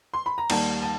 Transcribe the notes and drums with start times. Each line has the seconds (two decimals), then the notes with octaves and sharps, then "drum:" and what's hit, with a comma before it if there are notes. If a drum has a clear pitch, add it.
0.14 C6
0.26 B5
0.38 A#5
0.50 D#2 D#3 G3 A5, drum: cymbal
0.83 A5